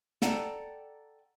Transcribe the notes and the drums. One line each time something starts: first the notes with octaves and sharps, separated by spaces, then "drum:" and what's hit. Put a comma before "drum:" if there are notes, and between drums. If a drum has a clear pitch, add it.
A4 D5 F#5 G5 A5 A#5, drum: snare